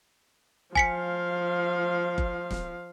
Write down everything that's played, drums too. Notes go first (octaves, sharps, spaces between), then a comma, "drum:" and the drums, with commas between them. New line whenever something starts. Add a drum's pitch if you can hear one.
F3 F5 G#5 B6 C#7, drum: kick F#1
drum: kick F#1
drum: snare